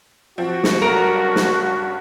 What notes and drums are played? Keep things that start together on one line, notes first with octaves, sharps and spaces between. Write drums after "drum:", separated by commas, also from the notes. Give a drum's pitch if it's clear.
F3 C4 F#4
drum: snare
G2 C#3 F#3 A#4
drum: snare